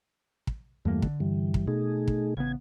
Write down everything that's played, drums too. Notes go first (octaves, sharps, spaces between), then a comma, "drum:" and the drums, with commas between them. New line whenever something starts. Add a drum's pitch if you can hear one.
drum: kick
E2 G2 E3 G3 A3 A#3
D3, drum: kick
G2 E3 G3
drum: kick
B2 A3 D#4 G#4
drum: kick
A1 C#3 B3 G#6